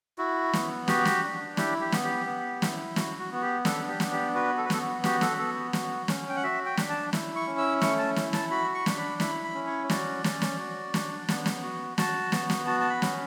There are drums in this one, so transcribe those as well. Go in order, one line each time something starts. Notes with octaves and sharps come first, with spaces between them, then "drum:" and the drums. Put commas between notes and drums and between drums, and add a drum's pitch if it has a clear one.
E4 F#4
B3, drum: snare
F#4 G4, drum: snare
drum: snare
D4
E4 G4, drum: snare
G4
B3, drum: snare
G4
B3
E4, drum: snare
F#4, drum: snare
F#4
B3 F#4
G4
D4 A4, drum: snare
G4
B3, drum: snare
G4
F#4 B4
A4
B4
B3 A4, drum: snare
F#4
F#4 G4, drum: snare
A4, drum: snare
B3 A4
F#4, drum: snare
C#4, drum: snare
G5
F#5
F#4 E5
G5
D4, drum: snare
A5
E4, drum: snare
C#6
C#4
E6
A3 C#6, drum: snare
A5
E4, drum: snare
A5, drum: snare
F#4 B5
C#6
D4, drum: snare
B5
E4 B5, drum: snare
B5
C#4
C#5
F#4 D5, drum: snare
C#4, drum: snare
drum: snare
F#4
D4, drum: snare
B3, drum: snare
drum: snare
F#4
F#4 A5, drum: snare
B3, drum: snare
drum: snare
F#4 A5
A5
B5
C#4, drum: snare